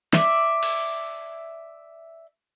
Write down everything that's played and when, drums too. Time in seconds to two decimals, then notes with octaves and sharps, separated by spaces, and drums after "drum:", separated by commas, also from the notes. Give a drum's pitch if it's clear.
0.13 D5 E5, drum: snare
0.63 drum: cymbal